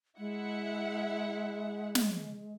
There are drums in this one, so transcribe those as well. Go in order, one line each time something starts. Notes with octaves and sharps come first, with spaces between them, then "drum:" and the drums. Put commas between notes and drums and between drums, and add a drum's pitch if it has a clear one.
G#3 E4 E5 F#5
drum: snare